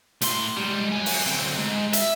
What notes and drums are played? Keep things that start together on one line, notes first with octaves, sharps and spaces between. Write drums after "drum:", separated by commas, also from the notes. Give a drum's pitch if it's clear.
A2 C6, drum: hi-hat
G3 G#3
F#3 G#5
drum: open hi-hat
D2 C4
G#2
E5, drum: hi-hat